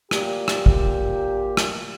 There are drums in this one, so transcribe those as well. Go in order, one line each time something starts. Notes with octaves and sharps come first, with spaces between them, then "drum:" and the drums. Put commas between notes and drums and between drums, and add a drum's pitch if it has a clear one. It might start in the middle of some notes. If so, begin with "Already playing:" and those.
A#2 G4, drum: rim click
drum: rim click
drum: kick G#1
drum: rim click